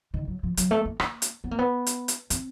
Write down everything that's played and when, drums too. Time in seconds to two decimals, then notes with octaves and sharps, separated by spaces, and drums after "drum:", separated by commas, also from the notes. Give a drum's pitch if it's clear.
0.14 D#3
0.28 F#3
0.43 F3
0.57 F#3, drum: hi-hat
0.71 A3
0.85 A#3
1.00 A#3, drum: rim click
1.22 drum: hi-hat
1.44 B3
1.51 A#3
1.59 B3
1.86 drum: hi-hat
2.08 drum: hi-hat
2.30 C4, drum: hi-hat